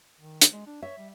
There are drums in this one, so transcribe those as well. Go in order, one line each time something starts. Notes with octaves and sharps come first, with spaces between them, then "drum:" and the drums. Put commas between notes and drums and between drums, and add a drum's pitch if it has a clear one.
D#3
drum: hi-hat
G#3
D4
C#5 E5
G3